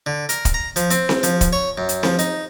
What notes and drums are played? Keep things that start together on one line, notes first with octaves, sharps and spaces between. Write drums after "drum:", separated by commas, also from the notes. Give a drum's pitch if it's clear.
D3
A#4, drum: hi-hat
drum: kick, hi-hat
A#5
F3, drum: hi-hat
C4, drum: hi-hat
drum: snare C4
F3, drum: hi-hat
drum: kick, hi-hat
C#5
F#2
drum: hi-hat
F3, drum: snare C4
D#4, drum: hi-hat